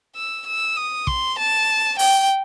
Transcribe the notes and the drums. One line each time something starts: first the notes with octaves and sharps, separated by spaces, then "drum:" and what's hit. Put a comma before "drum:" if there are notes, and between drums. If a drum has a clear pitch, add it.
E6
E6
D#6
C6, drum: kick
A5
G5, drum: open hi-hat